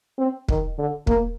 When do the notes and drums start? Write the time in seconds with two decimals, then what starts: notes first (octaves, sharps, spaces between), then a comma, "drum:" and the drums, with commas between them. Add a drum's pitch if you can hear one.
0.18 C4
0.49 D#3, drum: kick
0.78 D3
1.07 A#3, drum: kick